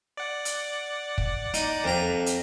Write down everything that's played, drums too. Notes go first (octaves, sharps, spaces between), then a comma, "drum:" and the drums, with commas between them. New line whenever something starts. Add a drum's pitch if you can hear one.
D5 F#5
drum: hi-hat
drum: kick
D#4, drum: hi-hat
F2 A#5
drum: hi-hat